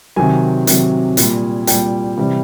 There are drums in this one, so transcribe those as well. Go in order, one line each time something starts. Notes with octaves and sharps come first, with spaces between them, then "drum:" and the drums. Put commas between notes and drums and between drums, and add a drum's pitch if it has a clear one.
C3 D#3 F#3 G#5
C3 D#3 F#3, drum: hi-hat
A#2 G3, drum: hi-hat
A#2 G3 G5, drum: hi-hat
C3 E3 G3